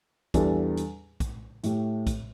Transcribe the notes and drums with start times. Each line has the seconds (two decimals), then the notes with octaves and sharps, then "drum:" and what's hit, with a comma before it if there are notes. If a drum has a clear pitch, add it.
0.34 E2 E3 G3 D4 A4, drum: kick A#1, hi-hat
0.77 drum: hi-hat
1.20 drum: kick A#1, hi-hat
1.63 A2 A3 G4, drum: hi-hat
2.07 drum: kick A#1, hi-hat